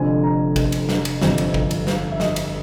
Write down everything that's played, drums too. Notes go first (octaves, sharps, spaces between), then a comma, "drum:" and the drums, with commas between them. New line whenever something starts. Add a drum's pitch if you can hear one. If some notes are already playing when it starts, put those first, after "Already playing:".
Already playing: F1 F2 D3 G#5
A#5
drum: kick, cymbal
drum: cymbal
drum: snare
drum: cymbal
G1 F2 C3, drum: snare
drum: cymbal
drum: kick
drum: cymbal
F5, drum: snare
E5
D#5, drum: snare
drum: cymbal